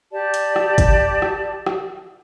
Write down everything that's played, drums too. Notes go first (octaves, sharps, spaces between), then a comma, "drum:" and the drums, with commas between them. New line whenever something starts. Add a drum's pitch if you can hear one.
G4 D5 A5
drum: hi-hat
drum: rim click
drum: kick, hi-hat
drum: rim click
drum: rim click